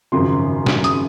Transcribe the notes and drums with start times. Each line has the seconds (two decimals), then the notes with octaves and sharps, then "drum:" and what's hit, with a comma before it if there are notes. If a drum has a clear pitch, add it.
0.12 G#1 F#2 C#3 F3 C6
0.66 drum: snare
0.84 D#6, drum: hi-hat